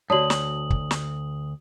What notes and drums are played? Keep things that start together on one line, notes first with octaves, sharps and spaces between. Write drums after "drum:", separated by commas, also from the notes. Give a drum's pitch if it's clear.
D2 G2 F#4 C#5 D5 A5 D#6 F#7
drum: snare
drum: kick
drum: snare